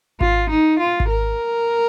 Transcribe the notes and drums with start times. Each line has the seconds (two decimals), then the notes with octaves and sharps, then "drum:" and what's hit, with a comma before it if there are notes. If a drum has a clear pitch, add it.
0.21 F4, drum: kick G#1
0.50 D#4
0.80 F4
1.00 drum: kick G#1
1.10 A#4